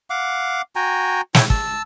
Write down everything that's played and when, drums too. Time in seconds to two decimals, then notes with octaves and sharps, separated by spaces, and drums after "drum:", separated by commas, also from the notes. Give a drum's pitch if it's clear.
0.10 F5 F#5 D6
0.76 F#4 G5 G#5 A#5
1.35 E4 C#5 G5, drum: snare
1.50 A5 E6, drum: kick